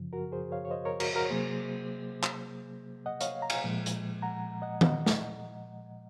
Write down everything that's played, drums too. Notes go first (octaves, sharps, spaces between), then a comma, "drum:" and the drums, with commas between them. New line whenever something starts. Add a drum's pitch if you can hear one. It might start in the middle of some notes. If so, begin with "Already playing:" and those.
Already playing: F#2 C#3 F3
F#4 A#4
G#4 C5
C#5 F5
C#5
C5 D#5
A#4 C#5
F#4 A#4, drum: cymbal
F#4 A#4
C#5
C3 F#3 A#3 G#4 C5
drum: clap
D#5 F#5
C#5 F5, drum: hi-hat
A#5
F5 G#5, drum: cymbal
A#2 F3 G#3
drum: hi-hat
F#5 A#5
D#5 F#5
D#5 F#5, drum: tom D#3
drum: snare